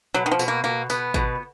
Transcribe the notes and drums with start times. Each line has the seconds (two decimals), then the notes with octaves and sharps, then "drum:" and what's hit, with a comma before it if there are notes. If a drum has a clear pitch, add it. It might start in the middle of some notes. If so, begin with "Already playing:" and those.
0.14 B2 F#3
0.26 D#3
0.31 F3
0.39 B2, drum: tambourine
0.48 A#3
0.64 B2 A#3
0.90 B2 B3, drum: tambourine
1.14 B2, drum: kick G#1